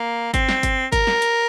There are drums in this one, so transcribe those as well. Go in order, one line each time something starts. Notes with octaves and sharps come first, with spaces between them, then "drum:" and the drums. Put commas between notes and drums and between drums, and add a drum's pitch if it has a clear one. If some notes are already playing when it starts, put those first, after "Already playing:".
Already playing: A#3
C4, drum: kick G1, hi-hat
drum: snare
drum: kick G1, hi-hat
A#4, drum: kick G1, hi-hat
drum: snare
drum: hi-hat